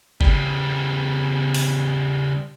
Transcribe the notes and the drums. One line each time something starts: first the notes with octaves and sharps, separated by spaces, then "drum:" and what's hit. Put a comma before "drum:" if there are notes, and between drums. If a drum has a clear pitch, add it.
C#3 G3, drum: kick G1
drum: open hi-hat